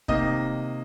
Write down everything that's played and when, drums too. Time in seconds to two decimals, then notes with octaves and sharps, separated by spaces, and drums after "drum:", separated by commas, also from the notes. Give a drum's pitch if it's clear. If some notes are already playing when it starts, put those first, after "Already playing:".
0.08 C3 D#3 A#3 D#4 D#5, drum: kick